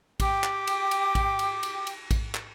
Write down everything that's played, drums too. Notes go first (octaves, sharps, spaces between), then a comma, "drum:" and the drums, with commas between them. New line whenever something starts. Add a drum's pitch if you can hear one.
G4 G5 D6, drum: kick, cymbal
drum: clap
drum: cymbal
drum: cymbal
drum: kick, cymbal
drum: cymbal
drum: cymbal
drum: cymbal
drum: kick, cymbal
drum: clap